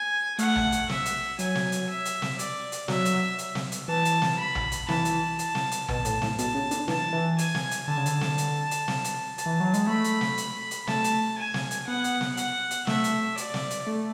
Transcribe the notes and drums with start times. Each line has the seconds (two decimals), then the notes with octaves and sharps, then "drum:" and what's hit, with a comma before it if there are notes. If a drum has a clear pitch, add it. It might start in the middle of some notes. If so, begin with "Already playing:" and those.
Already playing: G#5
0.39 A3 F#5, drum: hi-hat
0.56 drum: tom
0.72 drum: hi-hat
0.89 E5, drum: snare
1.05 drum: hi-hat
1.39 F#3 G#5, drum: hi-hat
1.55 drum: snare
1.72 drum: hi-hat
1.89 E5
2.05 drum: hi-hat
2.22 drum: snare
2.39 D5, drum: hi-hat
2.72 drum: hi-hat
2.88 F#3 E5, drum: snare
3.05 drum: hi-hat
3.39 drum: hi-hat
3.55 drum: snare
3.72 drum: hi-hat
3.88 E3 A5
4.05 drum: hi-hat
4.22 drum: snare
4.39 B5
4.55 drum: tom
4.72 drum: hi-hat
4.89 E3 A5, drum: snare
5.05 drum: hi-hat
5.39 A5, drum: hi-hat
5.55 drum: snare
5.72 drum: hi-hat
5.88 B2 A5, drum: tom
6.05 A2, drum: hi-hat
6.22 A2, drum: snare
6.38 B2 A5, drum: hi-hat
6.55 C#3
6.71 D3, drum: hi-hat
6.88 E3 A5, drum: snare
7.12 E3
7.38 G#5, drum: hi-hat
7.55 drum: snare
7.71 drum: hi-hat
7.88 D3 A5
7.97 C#3
8.06 D3, drum: hi-hat
8.21 drum: snare
8.38 drum: hi-hat
8.71 drum: hi-hat
8.88 drum: snare
9.04 drum: hi-hat
9.38 A5, drum: hi-hat
9.46 E3
9.60 F#3
9.74 G#3, drum: hi-hat
9.87 A3 B5
10.04 drum: hi-hat
10.21 drum: snare
10.38 drum: hi-hat
10.71 drum: hi-hat
10.87 A3 A5, drum: snare
11.04 drum: hi-hat
11.38 G#5
11.54 drum: snare
11.71 drum: hi-hat
11.87 B3 F#5
12.04 drum: hi-hat
12.21 drum: snare
12.37 F#5, drum: hi-hat
12.71 drum: hi-hat
12.87 A3 E5, drum: snare
13.04 drum: hi-hat
13.37 D5, drum: hi-hat
13.54 drum: snare
13.70 drum: hi-hat
13.87 A3